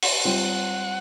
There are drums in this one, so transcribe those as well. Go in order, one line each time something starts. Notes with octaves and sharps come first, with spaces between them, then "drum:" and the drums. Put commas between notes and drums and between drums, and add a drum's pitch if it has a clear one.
drum: open hi-hat
G3 C4 F4 F#5